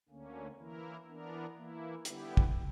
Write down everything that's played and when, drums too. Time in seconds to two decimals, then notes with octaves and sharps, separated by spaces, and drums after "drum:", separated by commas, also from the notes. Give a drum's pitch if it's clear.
0.09 D2 D3 A#3 C#4
0.58 E3 A#3 E4 A#4
1.07 E3 B3 D4 A#4
1.56 E3 A#3 E4
2.05 D3 G3 B3 E4 G4, drum: hi-hat
2.37 drum: kick